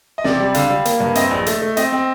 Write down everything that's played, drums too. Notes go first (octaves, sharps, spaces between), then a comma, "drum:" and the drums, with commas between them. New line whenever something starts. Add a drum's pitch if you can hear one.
D#5
C3 D5, drum: snare
G3
D3 F5, drum: hi-hat
G3
A#3, drum: hi-hat
G2
C4 D#5, drum: hi-hat
A#1
A3, drum: hi-hat
A3
C4 D#5, drum: hi-hat
C4